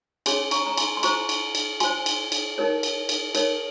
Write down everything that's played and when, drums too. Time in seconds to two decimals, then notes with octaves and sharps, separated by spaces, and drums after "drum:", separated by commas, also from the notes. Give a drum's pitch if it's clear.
0.26 C#4 G#4 C#5 G#5 C6, drum: cymbal
0.51 A#5 C#6, drum: cymbal
0.66 A#5
0.77 G#5 C6, drum: cymbal
0.97 C6
1.03 F4 C5 A#5 C#6, drum: cymbal
1.29 drum: cymbal
1.55 drum: cymbal
1.80 F4 C5 G#5 C6, drum: cymbal
2.06 drum: cymbal
2.32 drum: cymbal
2.58 D#4 A#4 C#5
2.83 drum: cymbal
3.09 drum: cymbal
3.35 D#4 A#4 C#5, drum: cymbal